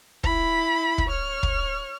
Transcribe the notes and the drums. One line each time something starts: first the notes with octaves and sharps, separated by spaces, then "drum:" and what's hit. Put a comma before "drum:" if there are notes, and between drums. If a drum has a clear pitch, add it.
E4 B5, drum: kick
drum: kick
C#5 F6
drum: kick